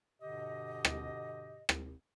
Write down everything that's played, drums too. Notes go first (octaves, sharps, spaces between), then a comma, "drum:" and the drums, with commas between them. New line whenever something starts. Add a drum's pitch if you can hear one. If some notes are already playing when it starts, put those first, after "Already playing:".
G2 B2 D3 G4 D#5
drum: rim click
drum: rim click